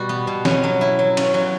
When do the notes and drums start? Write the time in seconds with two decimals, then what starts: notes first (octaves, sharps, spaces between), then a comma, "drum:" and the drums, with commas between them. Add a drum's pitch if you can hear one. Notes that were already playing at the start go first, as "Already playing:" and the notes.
Already playing: B2 G3 F#4
0.09 B3
0.27 B2
0.45 C#4, drum: snare
0.64 F#3
0.81 E4
0.99 F#3
1.17 C#4, drum: cymbal
1.34 F#3